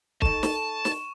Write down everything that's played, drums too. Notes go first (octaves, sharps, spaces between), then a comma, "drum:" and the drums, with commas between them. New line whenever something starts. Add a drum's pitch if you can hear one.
D#4 A4 A5 C#6 E7, drum: kick
drum: snare
drum: snare